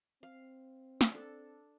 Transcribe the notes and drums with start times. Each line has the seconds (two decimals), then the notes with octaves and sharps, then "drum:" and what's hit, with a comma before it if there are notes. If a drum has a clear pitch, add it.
0.23 C4 F5
1.01 drum: snare
1.11 D4 A4